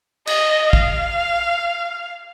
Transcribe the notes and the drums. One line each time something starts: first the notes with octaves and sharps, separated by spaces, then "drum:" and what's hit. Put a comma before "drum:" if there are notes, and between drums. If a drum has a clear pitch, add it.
D#5, drum: cymbal
F5, drum: kick